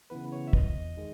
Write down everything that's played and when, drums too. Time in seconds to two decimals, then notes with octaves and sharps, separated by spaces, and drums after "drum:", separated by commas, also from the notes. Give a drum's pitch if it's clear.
0.10 C#3 E3 B3 B4
0.32 C#5
0.48 E5
0.53 E2 D#5, drum: kick
0.97 D#3 G#3